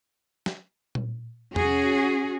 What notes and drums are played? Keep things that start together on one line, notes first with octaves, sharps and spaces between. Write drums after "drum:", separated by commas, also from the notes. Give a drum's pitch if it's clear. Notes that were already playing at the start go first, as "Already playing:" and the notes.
drum: snare
drum: tom A#2
C#4 F#4 G#4, drum: tom E2